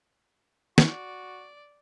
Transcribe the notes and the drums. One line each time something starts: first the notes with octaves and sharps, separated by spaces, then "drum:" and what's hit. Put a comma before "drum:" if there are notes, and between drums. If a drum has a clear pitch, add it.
F#4 D5, drum: snare